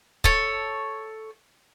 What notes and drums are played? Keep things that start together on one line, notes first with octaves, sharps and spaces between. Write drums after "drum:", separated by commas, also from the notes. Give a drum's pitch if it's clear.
A4 C#5, drum: kick